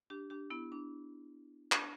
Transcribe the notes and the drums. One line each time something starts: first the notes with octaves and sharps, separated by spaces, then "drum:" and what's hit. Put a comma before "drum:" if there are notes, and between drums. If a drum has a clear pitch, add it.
D4 G4
D4 G4
B3 E4
D4
D4, drum: clap